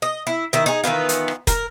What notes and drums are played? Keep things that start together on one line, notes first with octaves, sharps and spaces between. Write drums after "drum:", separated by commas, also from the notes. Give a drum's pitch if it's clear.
D#5
E4
D#3 E4
D#4 G#4
D#3 E3 B3 F4
drum: hi-hat
drum: rim click
A#4, drum: kick, hi-hat